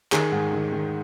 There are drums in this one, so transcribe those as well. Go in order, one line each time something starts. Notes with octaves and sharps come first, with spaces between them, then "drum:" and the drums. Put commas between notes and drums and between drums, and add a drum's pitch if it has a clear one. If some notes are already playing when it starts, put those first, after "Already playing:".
D#3 G#4, drum: clap
G#2
D#3
D#3